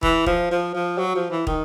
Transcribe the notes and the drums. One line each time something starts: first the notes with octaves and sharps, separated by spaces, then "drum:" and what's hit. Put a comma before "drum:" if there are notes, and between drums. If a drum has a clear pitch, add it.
E3, drum: kick
F3, drum: kick
F3
F3
F#3
F3
E3
D#3, drum: kick